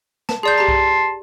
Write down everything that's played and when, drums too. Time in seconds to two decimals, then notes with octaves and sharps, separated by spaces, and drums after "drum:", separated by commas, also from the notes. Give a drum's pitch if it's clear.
0.29 A5, drum: snare
0.43 G#4 D5 A5 C6 G6
0.58 G4 A#5
0.68 drum: kick B1